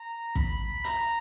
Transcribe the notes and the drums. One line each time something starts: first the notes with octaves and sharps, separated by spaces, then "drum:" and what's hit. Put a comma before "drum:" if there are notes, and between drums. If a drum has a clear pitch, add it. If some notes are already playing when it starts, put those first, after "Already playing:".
Already playing: A#5
B5, drum: kick
A#5, drum: hi-hat